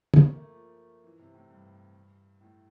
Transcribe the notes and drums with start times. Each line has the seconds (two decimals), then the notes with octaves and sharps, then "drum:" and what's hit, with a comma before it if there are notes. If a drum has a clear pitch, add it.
0.14 A3, drum: tom
0.25 A#3
0.36 A3
0.47 F3
1.04 E3
1.19 C3
1.34 A2
1.50 G2
2.41 A2